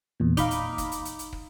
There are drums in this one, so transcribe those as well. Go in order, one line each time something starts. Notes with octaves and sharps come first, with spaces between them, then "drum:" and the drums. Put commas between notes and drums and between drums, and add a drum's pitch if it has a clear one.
E2 A#2
D#4 F5 B5 D6, drum: kick, hi-hat
drum: hi-hat
drum: kick, hi-hat
drum: hi-hat
drum: hi-hat
drum: hi-hat
drum: kick